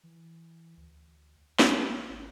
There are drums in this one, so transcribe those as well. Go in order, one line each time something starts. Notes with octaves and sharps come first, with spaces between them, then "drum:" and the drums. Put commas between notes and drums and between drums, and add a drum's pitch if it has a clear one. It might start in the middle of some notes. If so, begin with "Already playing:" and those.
E3
D2
A#1, drum: snare
G#1